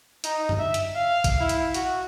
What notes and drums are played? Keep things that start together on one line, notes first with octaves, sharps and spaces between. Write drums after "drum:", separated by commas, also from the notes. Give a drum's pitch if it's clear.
D#4, drum: hi-hat
drum: tom F#2
E5
drum: hi-hat
F5
drum: kick A1, hi-hat
E4
drum: hi-hat
F#4, drum: hi-hat